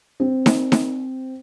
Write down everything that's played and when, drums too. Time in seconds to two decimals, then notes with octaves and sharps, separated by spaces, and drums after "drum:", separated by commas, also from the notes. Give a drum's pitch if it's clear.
0.20 C4
0.46 drum: snare D#4
0.72 drum: snare D#4